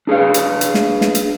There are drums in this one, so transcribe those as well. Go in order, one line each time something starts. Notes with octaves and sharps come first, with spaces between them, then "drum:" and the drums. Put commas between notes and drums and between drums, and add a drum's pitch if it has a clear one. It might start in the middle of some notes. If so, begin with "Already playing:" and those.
D4 G#4 B4 F5
drum: hi-hat
drum: hi-hat
drum: snare
drum: snare
drum: hi-hat